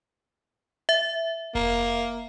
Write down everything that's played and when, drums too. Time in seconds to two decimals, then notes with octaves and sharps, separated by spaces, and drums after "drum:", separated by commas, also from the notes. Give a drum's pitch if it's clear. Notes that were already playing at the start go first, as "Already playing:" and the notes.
0.89 E5
1.55 A#3, drum: kick F1